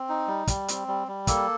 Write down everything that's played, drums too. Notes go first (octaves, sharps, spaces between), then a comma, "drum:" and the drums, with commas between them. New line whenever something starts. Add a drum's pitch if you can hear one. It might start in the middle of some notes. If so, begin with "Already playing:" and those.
Already playing: C4
D#4
G3
G3, drum: kick, hi-hat
C4, drum: hi-hat
G3
G3
A#3 A4, drum: kick, hi-hat